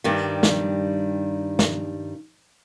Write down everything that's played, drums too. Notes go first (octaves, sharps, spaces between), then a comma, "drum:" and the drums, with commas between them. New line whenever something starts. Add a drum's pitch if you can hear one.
G2 D#3 G3
drum: snare
drum: snare